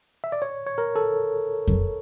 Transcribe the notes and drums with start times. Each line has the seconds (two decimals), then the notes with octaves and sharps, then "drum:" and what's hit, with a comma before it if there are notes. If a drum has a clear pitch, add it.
0.24 E5
0.32 D5
0.42 C#5
0.67 C#5
0.78 A#4
0.96 A4
1.68 drum: kick F2